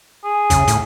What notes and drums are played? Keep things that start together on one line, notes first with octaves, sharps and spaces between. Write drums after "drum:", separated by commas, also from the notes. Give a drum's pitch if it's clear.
G#4
C#3, drum: kick, hi-hat
A2, drum: hi-hat